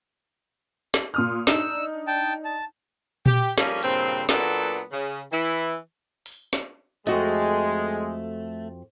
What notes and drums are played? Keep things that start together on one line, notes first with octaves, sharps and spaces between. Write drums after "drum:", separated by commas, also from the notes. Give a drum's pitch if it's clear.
drum: snare
A#2 D#6 F6
D4 D#4 E6, drum: snare
G5 A5
A5
G4, drum: tom A#2
F2 F3 G3 A#3 C#4, drum: snare
G2 A#2 C#3 C4, drum: hi-hat
A#2 F#3 A#3 B3 D4 A4, drum: snare
C#3
E3 E4
drum: open hi-hat
drum: snare
F2 G#3 A3 F#4 D#5, drum: hi-hat